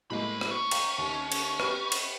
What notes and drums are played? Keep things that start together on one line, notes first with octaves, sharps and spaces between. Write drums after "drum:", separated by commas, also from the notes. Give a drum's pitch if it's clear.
A2 G#3 A#3 C5 B5
drum: rim click
C#4
F5 G5 A#5, drum: cymbal
D#2
drum: cymbal
G4 B4, drum: rim click
drum: cymbal